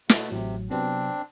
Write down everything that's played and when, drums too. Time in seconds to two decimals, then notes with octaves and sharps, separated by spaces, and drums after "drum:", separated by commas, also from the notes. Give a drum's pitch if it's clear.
0.09 B2 A3 B3, drum: snare
0.31 A1 A2 C3 F#3
0.71 C3 F#3 B3 C4 D4